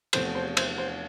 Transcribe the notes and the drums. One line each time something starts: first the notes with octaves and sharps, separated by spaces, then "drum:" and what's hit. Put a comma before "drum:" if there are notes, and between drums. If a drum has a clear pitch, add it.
E2 C3 F3 A3 C5, drum: cymbal
C5
C5, drum: cymbal
C5